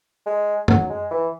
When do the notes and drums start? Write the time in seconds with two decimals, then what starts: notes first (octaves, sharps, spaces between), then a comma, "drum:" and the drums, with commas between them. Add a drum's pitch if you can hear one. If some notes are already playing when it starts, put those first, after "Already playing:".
0.26 G#3
0.68 F#3, drum: tom F#2
0.89 G#3
1.11 E3